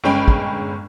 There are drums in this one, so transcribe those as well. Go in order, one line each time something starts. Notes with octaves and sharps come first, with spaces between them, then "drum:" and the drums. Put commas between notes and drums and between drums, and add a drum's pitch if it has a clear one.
G1 G#3 C#4 G5 B5
drum: kick